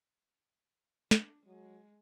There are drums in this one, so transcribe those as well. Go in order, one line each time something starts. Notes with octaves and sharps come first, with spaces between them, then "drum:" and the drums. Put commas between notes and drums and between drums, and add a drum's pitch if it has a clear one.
D4, drum: snare
F#3 G#3